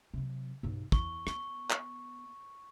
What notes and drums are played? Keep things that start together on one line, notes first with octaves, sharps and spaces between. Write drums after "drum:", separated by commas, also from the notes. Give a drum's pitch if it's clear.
C3 F#3
B1 G2
E2 C#6, drum: kick
B3 C#6, drum: rim click
drum: clap